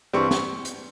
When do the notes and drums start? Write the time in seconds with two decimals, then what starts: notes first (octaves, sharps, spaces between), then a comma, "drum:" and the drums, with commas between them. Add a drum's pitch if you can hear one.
0.13 G2 E3 G3 C4 C#6
0.31 drum: snare
0.65 drum: hi-hat